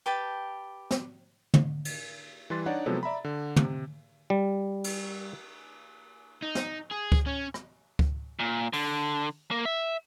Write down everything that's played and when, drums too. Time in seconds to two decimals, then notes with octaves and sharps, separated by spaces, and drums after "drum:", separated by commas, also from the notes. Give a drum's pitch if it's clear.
0.06 G4 B4 G5 A5
0.91 drum: snare
1.54 drum: tom
1.85 drum: cymbal
2.50 E3 G3 B4 C6 A6
2.66 D4 D#4 C#5 D5 F#5
2.86 C3 F3 F#3 G#3 B3 A4
3.03 D5 E5 A#5 B5
3.24 D3
3.56 C3, drum: tom
4.30 G3
4.84 drum: cymbal
6.42 D#4
6.55 drum: snare
6.92 G#4
7.12 drum: kick C#2
7.27 C#4
7.54 drum: rim click
7.99 drum: kick C#2
8.39 A#2
8.73 D3, drum: open hi-hat
9.51 A#3
9.65 E5